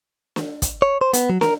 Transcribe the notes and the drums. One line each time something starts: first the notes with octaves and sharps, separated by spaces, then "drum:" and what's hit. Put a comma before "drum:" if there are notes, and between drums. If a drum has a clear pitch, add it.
drum: snare
drum: kick, hi-hat
C#5
C5
B3, drum: hi-hat
F#3
A#4, drum: snare